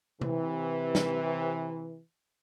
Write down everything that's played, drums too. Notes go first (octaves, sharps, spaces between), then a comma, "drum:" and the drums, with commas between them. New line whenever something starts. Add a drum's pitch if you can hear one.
C3 E3, drum: tom C3
drum: snare